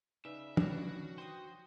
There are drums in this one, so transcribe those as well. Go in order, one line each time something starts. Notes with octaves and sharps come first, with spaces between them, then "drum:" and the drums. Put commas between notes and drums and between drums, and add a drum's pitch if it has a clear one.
C#3 D#4 B4 D5 E5
D#3 E3 C#4 D4 F#4 F6, drum: tom
C5 G5 C6 D#6